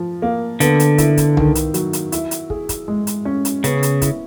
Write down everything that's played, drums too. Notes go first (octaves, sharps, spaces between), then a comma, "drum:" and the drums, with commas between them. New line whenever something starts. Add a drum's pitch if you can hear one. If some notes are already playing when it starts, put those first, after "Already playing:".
Already playing: F3
A#3
D3 B3, drum: hi-hat
drum: hi-hat
E4, drum: kick, hi-hat
drum: kick, hi-hat
D#3, drum: tom C2
drum: hi-hat
F#3, drum: hi-hat
drum: hi-hat
E4, drum: hi-hat
drum: hi-hat
G#4, drum: kick
drum: kick, hi-hat
G#3
drum: hi-hat
C#4
drum: hi-hat
C#3 B3, drum: hi-hat
drum: hi-hat
E4, drum: kick, hi-hat